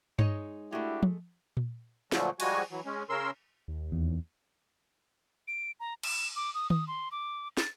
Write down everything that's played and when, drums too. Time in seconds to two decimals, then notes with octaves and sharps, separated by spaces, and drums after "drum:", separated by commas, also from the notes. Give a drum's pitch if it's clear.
0.19 G#3 D#4 C#5, drum: tom G2
0.72 G#3 A3 D4 E4 F#4 G4
1.03 drum: tom
1.57 drum: tom A#2
2.12 A#2 D3 F3 F#3 A3, drum: snare
2.40 F3 G3 G#3 F#4 G#5, drum: cymbal
2.71 E3 F#3
2.86 G#3 C#4
3.09 C#3 C#4 A#4 C6 E6
3.68 D#2
3.92 E2
5.48 D7
5.80 A#5
6.03 E7, drum: cymbal
6.36 D6
6.54 D#6
6.70 D#6, drum: tom D#3
6.88 C6
7.12 D6
7.57 A6, drum: snare